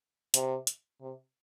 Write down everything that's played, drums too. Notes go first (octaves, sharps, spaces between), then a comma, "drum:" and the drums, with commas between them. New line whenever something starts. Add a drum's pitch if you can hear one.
C3, drum: hi-hat
drum: hi-hat
C3